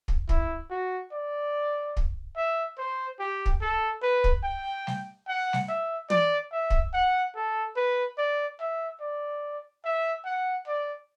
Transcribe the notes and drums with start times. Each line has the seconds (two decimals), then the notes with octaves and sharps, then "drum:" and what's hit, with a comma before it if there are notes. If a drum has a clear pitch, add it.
0.08 drum: kick
0.29 E4, drum: kick
0.70 F#4
1.12 D5
1.97 drum: kick
2.37 E5
2.78 C5
3.20 G4
3.46 drum: kick
3.62 A4
4.03 B4
4.24 drum: kick
4.44 G5
4.87 drum: snare G3
5.28 F#5
5.53 drum: snare G3
5.69 E5
6.10 D5, drum: tom
6.52 E5
6.70 drum: kick
6.94 F#5
7.35 A4
7.77 B4
8.18 D5
8.60 E5
9.01 D5
9.85 E5
10.25 F#5
10.67 D5